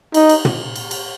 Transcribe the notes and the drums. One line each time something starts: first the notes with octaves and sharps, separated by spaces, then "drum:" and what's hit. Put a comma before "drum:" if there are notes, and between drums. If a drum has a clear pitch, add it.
D#4, drum: cymbal
drum: cymbal
drum: tom
drum: cymbal
drum: cymbal